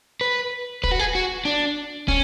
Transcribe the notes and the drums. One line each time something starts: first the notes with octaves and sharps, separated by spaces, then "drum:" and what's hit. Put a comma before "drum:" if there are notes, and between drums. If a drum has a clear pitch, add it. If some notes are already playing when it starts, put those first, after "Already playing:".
B4
B4, drum: kick
F#4
G#4
F#4
D4
C#4, drum: kick